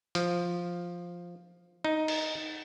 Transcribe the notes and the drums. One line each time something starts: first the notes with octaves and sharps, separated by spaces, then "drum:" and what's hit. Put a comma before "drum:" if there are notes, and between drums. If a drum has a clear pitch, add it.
F3, drum: hi-hat
D#4
drum: cymbal